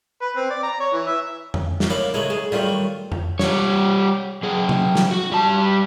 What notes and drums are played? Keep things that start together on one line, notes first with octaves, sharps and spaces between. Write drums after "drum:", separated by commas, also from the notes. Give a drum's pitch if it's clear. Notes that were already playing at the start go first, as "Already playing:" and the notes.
B4
C4
D5
A#5
C#5
E3
E5
drum: tom F2
drum: snare
A#3 E4 F4 C#5 D5
C#3 F#3 G#3 A3 D#4
G#4
D#3 F#3 G3 A3 F4
drum: tom F2
G3 C#5, drum: snare
F#3 G#4
drum: tom C3
drum: snare
F#4
G3 A5